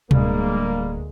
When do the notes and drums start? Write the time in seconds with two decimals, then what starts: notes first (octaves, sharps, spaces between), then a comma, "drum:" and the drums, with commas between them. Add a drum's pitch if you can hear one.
0.11 D1 D2 G3 G#3 A#3, drum: tom B2